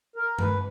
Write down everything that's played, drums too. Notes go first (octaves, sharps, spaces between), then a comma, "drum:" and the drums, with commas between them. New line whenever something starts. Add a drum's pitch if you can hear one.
A#4
B4, drum: tom G2